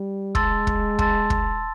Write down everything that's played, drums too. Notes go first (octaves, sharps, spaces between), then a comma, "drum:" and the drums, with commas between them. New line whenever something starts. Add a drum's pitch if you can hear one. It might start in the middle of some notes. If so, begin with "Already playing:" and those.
Already playing: G3
G#3 A5 C6 E6 A6, drum: kick
drum: kick
A5 C6 E6 A6, drum: kick
drum: kick